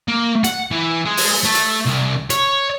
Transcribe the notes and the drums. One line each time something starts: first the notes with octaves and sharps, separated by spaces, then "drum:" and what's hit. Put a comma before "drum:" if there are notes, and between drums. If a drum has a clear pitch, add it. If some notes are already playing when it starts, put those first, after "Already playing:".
A#3
F#5, drum: hi-hat
E3
G#3
drum: open hi-hat
A3
drum: hi-hat
C2
C#5, drum: hi-hat